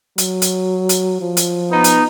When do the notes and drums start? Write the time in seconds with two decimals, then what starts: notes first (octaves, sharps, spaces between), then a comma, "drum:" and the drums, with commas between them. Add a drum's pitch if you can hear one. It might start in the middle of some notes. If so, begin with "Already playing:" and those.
0.18 F#3, drum: hi-hat
0.42 drum: hi-hat
0.89 drum: hi-hat
1.21 F3
1.37 drum: hi-hat
1.71 B3 D#4
1.84 drum: hi-hat